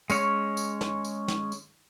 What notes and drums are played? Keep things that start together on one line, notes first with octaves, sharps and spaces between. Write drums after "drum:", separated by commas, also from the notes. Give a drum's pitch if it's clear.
G#3 C#4 C#5, drum: tambourine
drum: tambourine
drum: snare
drum: tambourine
drum: snare
drum: tambourine